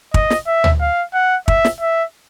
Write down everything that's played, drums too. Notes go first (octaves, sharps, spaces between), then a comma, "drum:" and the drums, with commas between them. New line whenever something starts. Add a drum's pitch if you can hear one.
D#5, drum: kick
drum: snare
E5
drum: tom
F5
F#5
E5, drum: kick
drum: snare
E5